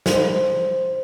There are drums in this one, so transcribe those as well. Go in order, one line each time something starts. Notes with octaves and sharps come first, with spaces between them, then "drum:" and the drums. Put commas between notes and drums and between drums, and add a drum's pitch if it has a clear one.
C5, drum: snare